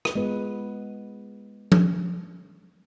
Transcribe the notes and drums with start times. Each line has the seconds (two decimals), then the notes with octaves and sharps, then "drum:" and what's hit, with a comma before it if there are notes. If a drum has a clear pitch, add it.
0.05 drum: rim click
0.15 G#3 B3 F4 B4
1.72 drum: tom F3